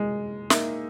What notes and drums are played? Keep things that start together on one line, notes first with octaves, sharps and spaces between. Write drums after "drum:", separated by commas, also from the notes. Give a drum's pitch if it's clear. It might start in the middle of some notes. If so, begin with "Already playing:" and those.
Already playing: G#3
A#3 D#4 A#4 E5, drum: snare